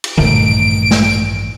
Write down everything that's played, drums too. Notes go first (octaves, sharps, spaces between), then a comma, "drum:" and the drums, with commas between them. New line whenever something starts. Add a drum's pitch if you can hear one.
drum: cymbal
A1 G2 A#2 D#3 A3 D7, drum: tom D3
drum: snare